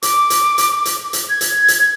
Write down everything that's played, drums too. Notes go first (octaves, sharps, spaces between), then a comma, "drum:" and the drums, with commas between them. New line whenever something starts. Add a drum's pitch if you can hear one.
D6, drum: hi-hat
drum: hi-hat
drum: hi-hat
drum: hi-hat
drum: hi-hat
G#6
drum: hi-hat
drum: hi-hat